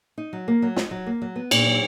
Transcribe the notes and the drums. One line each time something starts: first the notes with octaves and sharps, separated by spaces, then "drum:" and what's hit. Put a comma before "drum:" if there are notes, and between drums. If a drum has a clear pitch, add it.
D#4
F#3
A#3
F#3
D#4, drum: snare
F#3
A#3
F#3
B3
A#2, drum: cymbal
F#3